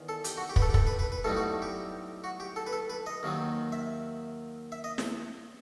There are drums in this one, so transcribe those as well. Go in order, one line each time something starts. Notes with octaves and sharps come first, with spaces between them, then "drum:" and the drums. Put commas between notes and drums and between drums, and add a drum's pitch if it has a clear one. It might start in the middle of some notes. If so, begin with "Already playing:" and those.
Already playing: E2 D#3
A4
G4, drum: hi-hat
F#4
G4
B4, drum: kick
A4
G4
A4, drum: kick
B4
B4
B4
B1 A2 G3 C4 D#4 A4
F#4
G4
F#4
G4
A4
B4
A4
B4
D#5
D#2 D#3 F#3 C4
E5
E5
D#5
drum: snare